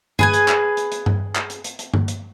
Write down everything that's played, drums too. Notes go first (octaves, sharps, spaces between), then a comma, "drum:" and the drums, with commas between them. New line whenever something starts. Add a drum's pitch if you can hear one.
G#4 B4 G#5, drum: tom G2
drum: hi-hat
drum: clap
drum: hi-hat
drum: hi-hat
drum: tom G2
drum: clap
drum: hi-hat
drum: hi-hat
drum: hi-hat
drum: tom G2
drum: hi-hat